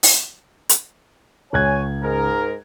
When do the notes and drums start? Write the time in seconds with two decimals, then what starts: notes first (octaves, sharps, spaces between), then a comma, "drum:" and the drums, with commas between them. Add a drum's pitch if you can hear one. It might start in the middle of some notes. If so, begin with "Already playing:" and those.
0.03 drum: open hi-hat
0.69 drum: hi-hat
1.53 C#2 C#5 G#5 F#6 G#6
2.03 G#2 G#4 A#4